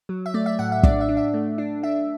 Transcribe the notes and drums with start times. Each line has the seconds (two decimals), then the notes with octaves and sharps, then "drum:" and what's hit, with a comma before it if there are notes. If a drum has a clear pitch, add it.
0.09 F#3
0.26 E5
0.34 A3 D5
0.46 E5
0.59 A2 F#5
0.72 E5
0.83 D4 D5, drum: kick
1.01 E5
1.09 D4
1.17 E5
1.34 A3
1.58 D4
1.83 D4 E5